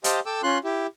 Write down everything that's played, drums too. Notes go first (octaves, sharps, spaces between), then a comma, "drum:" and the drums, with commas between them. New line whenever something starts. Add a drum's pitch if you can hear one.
G4 C5 D#5 F5 G5 A5, drum: hi-hat
A4 G5 D6 E6
C#4 F4 C6 F#6
E4 G4